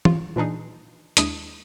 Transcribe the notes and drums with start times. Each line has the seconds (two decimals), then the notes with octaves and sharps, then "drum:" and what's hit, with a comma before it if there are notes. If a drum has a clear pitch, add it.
0.05 F4, drum: tom
0.36 A#2 E3 D4 D#4 G#4
1.17 D#2 G#3 D4 E4 D#6 D#7, drum: hi-hat